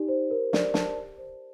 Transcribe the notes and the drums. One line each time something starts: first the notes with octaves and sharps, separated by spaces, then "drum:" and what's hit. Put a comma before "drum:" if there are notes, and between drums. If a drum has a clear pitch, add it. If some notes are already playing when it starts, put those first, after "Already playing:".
Already playing: D#4 G4 D5
C5
A#4
D5, drum: snare
A5, drum: snare
G4
C5